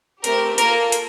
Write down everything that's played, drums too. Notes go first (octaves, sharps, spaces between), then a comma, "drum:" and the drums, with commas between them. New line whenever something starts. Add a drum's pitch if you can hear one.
A3 C4 G4 A#4, drum: hi-hat
A#3 F4 A4 A#4, drum: hi-hat
drum: hi-hat